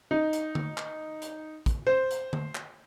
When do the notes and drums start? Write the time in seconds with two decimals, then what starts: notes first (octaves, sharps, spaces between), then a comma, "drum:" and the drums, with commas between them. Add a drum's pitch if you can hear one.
0.11 D#4
0.33 drum: hi-hat
0.55 drum: tom D3
0.77 drum: clap
1.22 drum: hi-hat
1.66 drum: kick, hi-hat
1.87 C5
2.11 drum: hi-hat
2.33 drum: tom D3
2.55 drum: clap